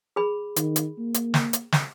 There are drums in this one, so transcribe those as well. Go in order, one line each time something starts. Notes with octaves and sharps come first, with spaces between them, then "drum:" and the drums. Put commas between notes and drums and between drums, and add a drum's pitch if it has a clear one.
G#4 B5
D#3, drum: hi-hat
drum: hi-hat
A#3
drum: hi-hat
drum: snare
drum: hi-hat
drum: snare